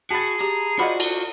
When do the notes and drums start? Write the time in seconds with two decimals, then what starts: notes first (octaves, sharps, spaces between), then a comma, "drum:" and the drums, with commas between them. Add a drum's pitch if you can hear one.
0.11 F#4 G#4 A5 B5 A6
0.41 G4 A#5
0.79 F4 F#4 C5 D5 D#5 F#5 B5
1.00 drum: cymbal